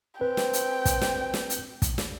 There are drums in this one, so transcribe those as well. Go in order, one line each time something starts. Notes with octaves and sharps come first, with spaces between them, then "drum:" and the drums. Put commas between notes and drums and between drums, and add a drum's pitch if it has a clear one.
C4 B4 G5
drum: snare
drum: hi-hat
drum: kick, hi-hat
drum: snare
drum: snare
drum: hi-hat
drum: kick, hi-hat
drum: snare